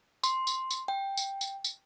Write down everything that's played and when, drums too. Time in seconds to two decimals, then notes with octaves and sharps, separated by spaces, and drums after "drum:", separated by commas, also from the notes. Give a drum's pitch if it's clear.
0.23 C6, drum: tambourine
0.47 drum: tambourine
0.70 drum: tambourine
0.88 G5
1.17 drum: tambourine
1.41 drum: tambourine
1.64 drum: tambourine